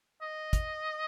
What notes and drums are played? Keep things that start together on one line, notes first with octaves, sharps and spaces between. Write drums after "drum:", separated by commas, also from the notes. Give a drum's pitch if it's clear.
D#5
drum: kick, hi-hat